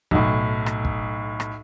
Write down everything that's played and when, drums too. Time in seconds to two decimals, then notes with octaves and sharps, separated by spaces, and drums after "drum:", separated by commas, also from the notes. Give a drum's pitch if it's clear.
0.11 B1 A2, drum: kick
0.66 drum: rim click
0.85 drum: kick
1.40 drum: rim click